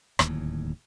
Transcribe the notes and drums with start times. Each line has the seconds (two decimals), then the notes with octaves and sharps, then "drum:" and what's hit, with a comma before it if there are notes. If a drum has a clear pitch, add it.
0.19 D1 D#2 A2, drum: rim click